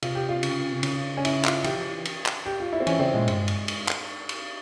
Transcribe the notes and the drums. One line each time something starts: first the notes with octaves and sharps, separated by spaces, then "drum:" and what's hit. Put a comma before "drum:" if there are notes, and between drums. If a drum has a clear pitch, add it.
C3 F4, drum: cymbal
G4
F4
C#3, drum: cymbal
C3
C#3, drum: cymbal
C#4
E4, drum: cymbal
F4, drum: clap
E3 G4, drum: cymbal
F3
E3
drum: cymbal
drum: clap
G4
F4
E4
C4
E3 C#4, drum: cymbal
C#3 C4
A#2 G#3
G2, drum: cymbal
drum: cymbal
drum: cymbal
drum: clap
drum: cymbal